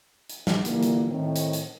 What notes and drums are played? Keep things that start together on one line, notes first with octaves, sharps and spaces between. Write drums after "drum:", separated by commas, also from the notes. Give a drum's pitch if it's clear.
drum: hi-hat
drum: snare
A#2 D3 E3 G3 A#3, drum: hi-hat
drum: hi-hat
A2 D#3 C4
drum: hi-hat
drum: hi-hat